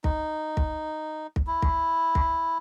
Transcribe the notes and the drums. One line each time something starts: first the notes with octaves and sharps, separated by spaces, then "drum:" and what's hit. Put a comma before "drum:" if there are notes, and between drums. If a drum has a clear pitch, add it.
D#4, drum: kick
drum: kick
drum: kick
E4
drum: kick
drum: kick